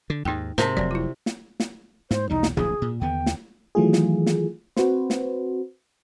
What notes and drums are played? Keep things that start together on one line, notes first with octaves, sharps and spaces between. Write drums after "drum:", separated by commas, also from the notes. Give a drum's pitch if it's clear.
D3
D#2 G#2 D#4 G5
G#2 C3 A#4 A5, drum: snare
F1 F#3 C4 D5
E4 F4
drum: snare
drum: snare
G#2 C5, drum: snare
B1 E2 G3 D#4
drum: snare
D1 A#1 F3 G#4, drum: tom
A#2
D#2 D3 B3 G5
drum: snare
D#3 E3 F#3 A3 F4 G#4
drum: snare
drum: snare
C4 F#4 B4 C5, drum: snare
drum: snare